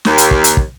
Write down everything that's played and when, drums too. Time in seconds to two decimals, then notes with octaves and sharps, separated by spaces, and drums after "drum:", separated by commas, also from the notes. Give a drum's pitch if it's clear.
0.05 D#2, drum: snare
0.18 drum: hi-hat
0.31 drum: kick
0.44 drum: hi-hat
0.57 drum: kick